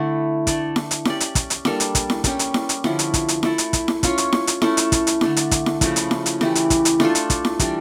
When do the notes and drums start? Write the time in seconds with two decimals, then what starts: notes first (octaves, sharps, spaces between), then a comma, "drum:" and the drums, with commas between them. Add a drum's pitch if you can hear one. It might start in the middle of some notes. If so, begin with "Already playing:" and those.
Already playing: D3 A3 D4 E4
0.47 A3 D4 A4 D5, drum: kick, hi-hat
0.76 drum: snare E4
0.91 drum: hi-hat
1.05 C#4 G4 D5, drum: snare E4
1.20 drum: hi-hat
1.35 drum: kick, hi-hat
1.50 drum: hi-hat
1.65 G3 A#3 D4 A4, drum: snare E4
1.80 drum: hi-hat
1.95 drum: kick, hi-hat
2.10 drum: snare E4
2.24 G3 C#4 G4, drum: kick, hi-hat
2.39 drum: hi-hat
2.54 drum: snare E4
2.69 drum: hi-hat
2.84 D3 F3 C#4 E4, drum: snare E4
2.99 drum: hi-hat
3.14 drum: kick, hi-hat
3.28 drum: hi-hat
3.43 A3 E4 A4, drum: snare E4
3.58 drum: hi-hat
3.73 drum: kick, hi-hat
3.88 drum: snare E4
4.03 C#4 F4 C#5, drum: kick, hi-hat
4.18 drum: hi-hat
4.32 drum: snare E4
4.47 drum: hi-hat
4.62 A3 C#4 E4 A4, drum: snare E4
4.77 drum: hi-hat
4.92 drum: kick, hi-hat
5.07 drum: hi-hat
5.21 D3 A3 D4, drum: snare E4
5.37 drum: hi-hat
5.51 drum: kick, hi-hat
5.66 drum: snare E4
5.81 C#3 F3 A3 E4, drum: kick, hi-hat
5.96 drum: hi-hat
6.11 drum: snare E4
6.26 drum: hi-hat
6.41 E3 A3 E4 G4, drum: snare E4
6.55 drum: hi-hat
6.70 drum: kick, hi-hat
6.85 drum: hi-hat
7.00 A3 D4 F4 A4, drum: snare E4
7.15 drum: hi-hat
7.30 drum: kick, hi-hat
7.45 drum: snare E4
7.59 E3 G3 D4, drum: kick, hi-hat